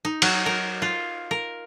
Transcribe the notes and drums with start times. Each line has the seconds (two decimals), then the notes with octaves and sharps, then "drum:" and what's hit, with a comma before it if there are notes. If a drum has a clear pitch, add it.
0.05 D#4
0.22 F#3, drum: cymbal
0.46 A#4
0.82 F4
1.31 A#4